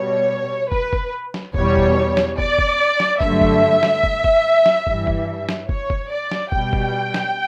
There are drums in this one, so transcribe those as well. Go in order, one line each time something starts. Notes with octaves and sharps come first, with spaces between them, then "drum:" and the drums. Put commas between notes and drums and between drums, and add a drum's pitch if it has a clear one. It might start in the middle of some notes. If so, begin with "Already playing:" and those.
Already playing: B2 G3 C#5
B4, drum: kick
drum: kick
drum: snare
E2 B2 G3 C#5, drum: kick
drum: kick
drum: snare
D5, drum: kick
drum: kick
drum: snare
G2 D3 F#3 A3 E5, drum: kick
drum: kick
drum: snare
drum: kick
drum: kick
drum: snare
G2 E3 G3, drum: kick
drum: kick
drum: snare
C#5, drum: kick
drum: kick
D5
drum: snare
B2 G3 G5, drum: kick
drum: kick
drum: snare